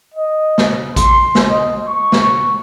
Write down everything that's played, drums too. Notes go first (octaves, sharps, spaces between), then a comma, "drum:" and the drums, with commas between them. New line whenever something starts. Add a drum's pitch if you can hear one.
D#5
drum: snare
C6, drum: kick A1, hi-hat
drum: snare
D#5
C#6
drum: snare